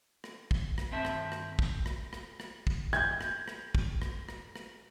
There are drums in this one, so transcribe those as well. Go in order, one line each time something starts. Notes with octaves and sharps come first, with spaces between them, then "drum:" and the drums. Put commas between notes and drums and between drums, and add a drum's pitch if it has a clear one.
drum: rim click
drum: kick
drum: rim click
G2 D#3 C4 E5 A5
drum: rim click
drum: rim click
drum: kick
drum: rim click
drum: rim click
drum: rim click
drum: kick
G6 G#6, drum: rim click
drum: rim click
drum: rim click
drum: kick
drum: rim click
drum: rim click
drum: rim click